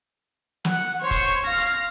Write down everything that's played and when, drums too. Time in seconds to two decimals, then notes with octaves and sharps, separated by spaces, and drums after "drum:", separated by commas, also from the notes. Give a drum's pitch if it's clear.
0.65 F#5, drum: snare
1.01 C5 C#5 C#6
1.11 drum: kick, hi-hat
1.47 F5 F6 A#6
1.57 drum: hi-hat